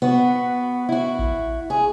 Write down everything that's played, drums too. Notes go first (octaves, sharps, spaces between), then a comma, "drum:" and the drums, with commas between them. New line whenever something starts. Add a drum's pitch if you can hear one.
B3 F#4
E4 F#4
drum: kick A1
G#4